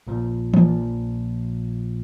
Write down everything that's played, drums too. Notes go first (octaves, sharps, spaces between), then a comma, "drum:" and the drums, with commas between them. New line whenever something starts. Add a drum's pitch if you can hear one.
A#1 A#2 F3
A#1 A#2 F3, drum: tom E3